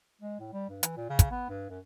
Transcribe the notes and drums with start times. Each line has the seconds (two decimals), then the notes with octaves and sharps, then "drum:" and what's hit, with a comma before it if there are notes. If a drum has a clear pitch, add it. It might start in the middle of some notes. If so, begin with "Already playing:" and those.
0.21 G#3
0.40 A2
0.53 G3
0.69 G2
0.83 E3, drum: hi-hat
0.97 A#2
1.09 C#3
1.19 drum: kick, hi-hat
1.31 B3
1.49 G2
1.70 F#2